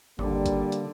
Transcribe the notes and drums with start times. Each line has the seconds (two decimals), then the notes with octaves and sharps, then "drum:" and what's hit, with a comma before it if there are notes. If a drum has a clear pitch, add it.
0.19 G#1 D3 G3 A#3, drum: tom E2
0.46 drum: kick G#1, hi-hat
0.72 drum: hi-hat